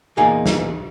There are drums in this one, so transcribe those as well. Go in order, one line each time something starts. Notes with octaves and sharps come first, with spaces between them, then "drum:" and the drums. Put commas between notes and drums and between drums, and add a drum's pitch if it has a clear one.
E2 A#2 A#3 D#4 G#4 G#5
drum: snare